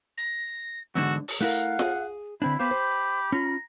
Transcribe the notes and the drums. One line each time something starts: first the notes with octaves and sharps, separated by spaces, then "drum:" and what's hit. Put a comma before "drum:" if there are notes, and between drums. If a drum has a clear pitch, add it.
A#6
E2 G#2 D3 F#4 E6
drum: open hi-hat
A3 E4 A#4 F5 F#5
G#4, drum: snare F4
D3 C4 D4 E4 B5
B3 G4 C5 F5 B5
C5
C#4 F4 A#5